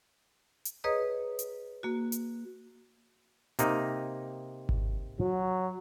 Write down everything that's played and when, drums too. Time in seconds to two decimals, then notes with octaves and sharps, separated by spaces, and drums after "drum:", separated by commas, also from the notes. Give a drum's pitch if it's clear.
0.65 drum: hi-hat
0.84 G#4 B4 C#5 D#5 A#5 D#6
1.39 drum: hi-hat
1.83 A#3 F#4
2.12 drum: hi-hat
3.59 C3 A#3 D#4, drum: hi-hat
4.69 drum: kick G#1
5.20 F#3